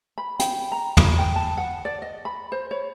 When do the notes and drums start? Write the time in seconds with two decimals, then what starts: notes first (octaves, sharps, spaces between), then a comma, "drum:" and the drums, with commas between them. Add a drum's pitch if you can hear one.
0.18 B5
0.39 G5, drum: hi-hat
0.72 A#5
0.97 B5, drum: tom
1.19 G5
1.36 A5
1.57 F#5
1.85 D5
2.02 D#5
2.25 B5
2.52 C5
2.71 C#5